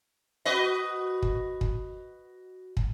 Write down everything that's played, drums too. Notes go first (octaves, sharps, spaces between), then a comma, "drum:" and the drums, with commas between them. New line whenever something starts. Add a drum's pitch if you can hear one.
F#4 B4 D#5
drum: kick
drum: kick
drum: kick